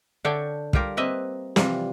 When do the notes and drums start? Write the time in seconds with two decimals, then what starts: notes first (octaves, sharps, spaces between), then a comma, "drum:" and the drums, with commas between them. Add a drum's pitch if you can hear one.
0.24 D3 D4 C#5 E5 G5 A5
0.73 G3 F4 G4 A#4, drum: kick
0.97 A#3 C4 B4 D#5 E5
1.56 C3 E3 F3 G3, drum: snare